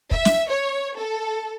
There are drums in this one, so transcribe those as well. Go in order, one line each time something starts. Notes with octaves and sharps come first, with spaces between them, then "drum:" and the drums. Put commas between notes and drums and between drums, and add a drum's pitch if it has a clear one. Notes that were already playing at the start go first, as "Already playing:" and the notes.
E5, drum: kick
drum: snare
C#5
A4